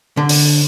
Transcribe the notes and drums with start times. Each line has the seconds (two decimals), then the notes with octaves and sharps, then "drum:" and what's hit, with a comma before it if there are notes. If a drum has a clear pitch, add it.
0.17 D3
0.29 drum: open hi-hat